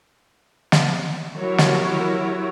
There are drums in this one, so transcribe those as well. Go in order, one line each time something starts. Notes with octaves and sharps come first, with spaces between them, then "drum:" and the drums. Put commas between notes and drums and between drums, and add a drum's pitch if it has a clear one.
drum: snare
F#3 E4 F#4 G4 A#4 C#5
drum: snare